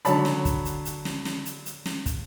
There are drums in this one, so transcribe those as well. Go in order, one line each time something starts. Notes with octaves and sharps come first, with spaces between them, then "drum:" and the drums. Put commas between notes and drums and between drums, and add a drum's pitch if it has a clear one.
D3 F#3 C#5 A5 B5, drum: hi-hat
drum: snare
drum: kick, hi-hat
drum: hi-hat
drum: hi-hat
drum: snare
drum: snare
drum: hi-hat
drum: hi-hat
drum: snare
drum: kick, hi-hat